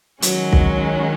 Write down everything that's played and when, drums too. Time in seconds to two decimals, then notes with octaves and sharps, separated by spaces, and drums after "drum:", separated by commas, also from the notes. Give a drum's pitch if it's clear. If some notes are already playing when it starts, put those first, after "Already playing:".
0.22 D#3 F#3 G#3 C#4 F#4, drum: hi-hat
0.53 drum: kick